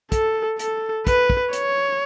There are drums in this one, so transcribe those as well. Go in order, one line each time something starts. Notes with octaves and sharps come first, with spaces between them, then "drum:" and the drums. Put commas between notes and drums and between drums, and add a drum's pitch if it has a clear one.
A4, drum: kick, hi-hat
A4, drum: hi-hat
B4, drum: kick, hi-hat
drum: kick
C#5, drum: hi-hat